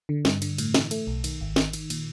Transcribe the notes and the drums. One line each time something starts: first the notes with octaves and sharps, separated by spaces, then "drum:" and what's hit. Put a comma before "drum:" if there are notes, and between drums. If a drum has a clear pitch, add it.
D3
G2, drum: snare
D3, drum: cymbal
A2, drum: cymbal
E3, drum: snare
A3, drum: cymbal
B1
D#3, drum: cymbal
G#1
D#3, drum: snare
D#3, drum: cymbal
A#2, drum: cymbal